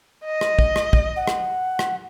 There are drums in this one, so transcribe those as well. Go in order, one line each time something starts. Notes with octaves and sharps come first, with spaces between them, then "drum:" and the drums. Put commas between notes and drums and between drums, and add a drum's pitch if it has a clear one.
D#5
drum: rim click
drum: kick
drum: rim click
drum: kick
F#5
drum: rim click
drum: rim click